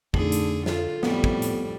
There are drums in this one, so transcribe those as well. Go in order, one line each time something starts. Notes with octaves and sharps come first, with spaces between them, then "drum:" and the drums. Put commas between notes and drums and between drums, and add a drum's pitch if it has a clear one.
F2 D3 A3 D#4 G#4, drum: kick
drum: hi-hat
F4 A4, drum: snare
F2 A2 G3 B3, drum: snare
drum: kick
drum: hi-hat